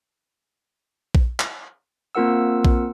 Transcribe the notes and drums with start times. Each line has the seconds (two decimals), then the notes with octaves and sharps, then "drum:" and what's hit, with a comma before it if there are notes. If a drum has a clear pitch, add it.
1.15 drum: kick A#1
1.40 drum: clap
2.15 A#3 C4 F4 A#4 F#5 E6
2.65 drum: kick A#1